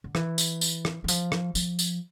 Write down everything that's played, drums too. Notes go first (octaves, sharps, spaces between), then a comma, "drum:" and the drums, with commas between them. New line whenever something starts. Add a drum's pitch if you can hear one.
D3
E3, drum: rim click
drum: tambourine
drum: tambourine
drum: rim click
E3
F3, drum: tambourine
drum: rim click
F3, drum: tambourine
drum: tambourine